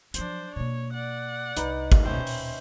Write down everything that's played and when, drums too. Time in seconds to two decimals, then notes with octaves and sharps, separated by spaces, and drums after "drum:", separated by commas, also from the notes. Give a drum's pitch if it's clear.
0.14 F3 F#3 D4 C5, drum: hi-hat
0.56 B2 A#3 C#5
0.94 D5 F#5
1.57 C2 D#4 B4, drum: hi-hat
1.92 drum: kick
2.05 D#1 B2 C#4 C5 E5 G5
2.27 drum: open hi-hat